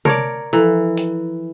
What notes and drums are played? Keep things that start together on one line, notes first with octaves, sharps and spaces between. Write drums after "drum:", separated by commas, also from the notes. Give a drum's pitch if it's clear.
A#4 C#5 D5 A5, drum: tom C3
E3 F3 A4 A#5
drum: hi-hat